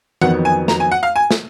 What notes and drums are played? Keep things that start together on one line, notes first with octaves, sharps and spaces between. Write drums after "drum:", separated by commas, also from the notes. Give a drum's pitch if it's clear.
F2 D#3 F#3 B3 F#5, drum: tom E3
G#5
A#5, drum: snare
G#5
F#5
F5
G#5
drum: snare